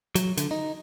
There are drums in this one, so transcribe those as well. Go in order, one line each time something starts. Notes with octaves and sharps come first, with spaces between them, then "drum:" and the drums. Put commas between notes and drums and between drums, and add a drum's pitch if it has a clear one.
F#3, drum: hi-hat
D3, drum: hi-hat
D#4